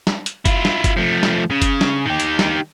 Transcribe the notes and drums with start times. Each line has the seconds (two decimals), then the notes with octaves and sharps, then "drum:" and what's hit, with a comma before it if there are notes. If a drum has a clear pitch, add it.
0.07 drum: snare
0.26 drum: hi-hat
0.46 E4 F4, drum: kick F#1, hi-hat
0.65 drum: snare
0.84 drum: kick F#1, hi-hat
0.97 F3 A3
1.23 drum: snare
1.50 C#3
1.62 drum: kick F#1, hi-hat
1.81 drum: snare
2.06 D#3 G4
2.20 drum: hi-hat
2.39 drum: snare